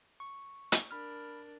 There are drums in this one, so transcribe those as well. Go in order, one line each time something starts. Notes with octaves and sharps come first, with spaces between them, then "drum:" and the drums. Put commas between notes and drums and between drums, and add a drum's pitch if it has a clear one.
C#6
drum: hi-hat
D4 A#4 B5 F6